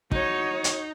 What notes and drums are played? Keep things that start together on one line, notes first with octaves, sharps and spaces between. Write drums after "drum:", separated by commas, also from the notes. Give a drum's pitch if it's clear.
D#4 F#4 C#5, drum: kick
drum: hi-hat